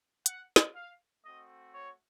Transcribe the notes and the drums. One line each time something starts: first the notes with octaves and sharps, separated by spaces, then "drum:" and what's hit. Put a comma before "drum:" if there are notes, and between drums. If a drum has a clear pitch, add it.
F#5, drum: hi-hat
drum: snare
F5
A3 C4 F#4 D#5
C#5